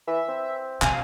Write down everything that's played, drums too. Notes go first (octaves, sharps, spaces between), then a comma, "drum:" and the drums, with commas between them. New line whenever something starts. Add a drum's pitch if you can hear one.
E3 E5
C4
C3 F5 G#5, drum: clap